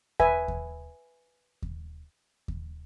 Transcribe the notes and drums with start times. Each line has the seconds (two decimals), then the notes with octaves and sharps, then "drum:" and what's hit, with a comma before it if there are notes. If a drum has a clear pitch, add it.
0.20 B4 E5 G#5, drum: kick D#2
0.48 drum: kick D#2
1.62 drum: kick D#2
2.48 drum: kick D#2